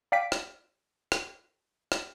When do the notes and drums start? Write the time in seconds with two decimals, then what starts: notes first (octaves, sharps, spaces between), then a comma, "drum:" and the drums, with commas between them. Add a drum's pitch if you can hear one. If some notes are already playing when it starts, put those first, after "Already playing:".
0.12 D5 F5 G5 B6 D7
0.32 drum: rim click
1.12 drum: rim click
1.92 drum: rim click